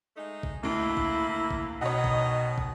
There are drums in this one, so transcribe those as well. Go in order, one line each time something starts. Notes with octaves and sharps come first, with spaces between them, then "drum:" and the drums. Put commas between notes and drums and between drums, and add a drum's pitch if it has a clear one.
G#3 A3 D#4
drum: kick
D2 A2 A#3 E4
drum: kick
drum: kick
B2 D#3 B3 D#4 C#5 D#5 F#5
drum: kick
drum: kick